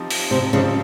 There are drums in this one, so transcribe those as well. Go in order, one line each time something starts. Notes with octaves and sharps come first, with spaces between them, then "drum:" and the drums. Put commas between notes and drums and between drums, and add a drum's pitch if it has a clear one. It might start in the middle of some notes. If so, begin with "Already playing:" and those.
Already playing: F3 C4 D#4 G4
drum: open hi-hat
C3
C#3 F3 C4 D#4 G4